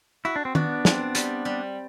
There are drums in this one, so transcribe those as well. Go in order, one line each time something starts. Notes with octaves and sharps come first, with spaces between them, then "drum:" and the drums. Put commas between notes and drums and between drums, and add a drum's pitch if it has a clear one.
E4 F#4
D4
C4
B3 D4 F#4, drum: tom D#3
C4, drum: snare
G3, drum: hi-hat
G3